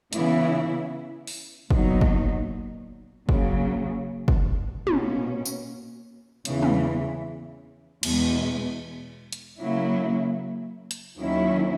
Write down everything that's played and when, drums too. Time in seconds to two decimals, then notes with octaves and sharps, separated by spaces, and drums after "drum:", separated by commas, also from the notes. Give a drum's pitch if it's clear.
0.13 C#3 E3 B3 E4, drum: hi-hat
1.27 drum: open hi-hat
1.71 A#2 F#3 B3 D#4, drum: kick
2.01 drum: kick
3.29 C#3 F#3 A#3, drum: kick
4.28 drum: kick
4.87 B2 A#3 C#4, drum: tom
5.45 drum: tambourine
6.45 E2 C#3 E3, drum: hi-hat
6.63 drum: tom
8.03 E2 B2 G#3, drum: cymbal
9.33 drum: hi-hat
9.61 C#3 F#3 A#3 E4
10.91 drum: hi-hat
11.19 D#2 D#3 F#3 C#4 E4